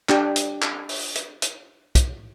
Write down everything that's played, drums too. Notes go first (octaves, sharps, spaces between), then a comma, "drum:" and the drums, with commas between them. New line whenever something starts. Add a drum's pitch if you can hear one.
D4 G4, drum: clap
drum: hi-hat
drum: clap
drum: open hi-hat
drum: hi-hat
drum: hi-hat
drum: kick, hi-hat